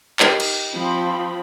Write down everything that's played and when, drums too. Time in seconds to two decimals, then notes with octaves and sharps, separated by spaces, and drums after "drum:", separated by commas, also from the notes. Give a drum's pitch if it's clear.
0.20 D#4 G4 A#4, drum: clap
0.40 drum: cymbal
0.73 F3 C4 B5